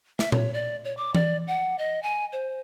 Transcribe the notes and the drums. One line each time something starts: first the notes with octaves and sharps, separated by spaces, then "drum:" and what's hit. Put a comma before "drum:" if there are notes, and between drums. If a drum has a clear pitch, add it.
E5, drum: snare
C#5, drum: tom A#2
D5
C#5
D6
D5, drum: tom E3
F#5
D#5
G#5
C5